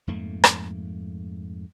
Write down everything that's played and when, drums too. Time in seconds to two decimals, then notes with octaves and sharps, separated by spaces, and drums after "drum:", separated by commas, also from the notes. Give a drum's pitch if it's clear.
0.07 F2 G#2 A3 A#3
0.44 drum: rim click